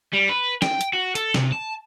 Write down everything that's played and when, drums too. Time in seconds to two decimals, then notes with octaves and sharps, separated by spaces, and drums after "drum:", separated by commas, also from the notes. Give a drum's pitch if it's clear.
0.13 G3
0.29 B4
0.62 G5, drum: snare
0.81 drum: hi-hat
0.93 F#4
1.15 A4, drum: hi-hat
1.34 C3, drum: snare
1.52 A5